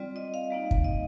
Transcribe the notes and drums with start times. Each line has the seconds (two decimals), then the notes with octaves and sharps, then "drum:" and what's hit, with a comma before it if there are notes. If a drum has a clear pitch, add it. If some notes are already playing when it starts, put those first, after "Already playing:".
Already playing: G3 C4 F4 D5
0.16 D#5
0.34 F5
0.50 G3 A#3 D#4
0.71 drum: kick
0.84 D#5